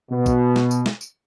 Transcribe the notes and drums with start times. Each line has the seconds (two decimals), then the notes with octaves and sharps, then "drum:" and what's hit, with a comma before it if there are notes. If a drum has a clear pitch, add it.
0.11 B2
0.26 drum: kick A#1, tambourine
0.56 drum: snare
0.71 drum: tambourine
0.86 drum: snare
1.01 drum: tambourine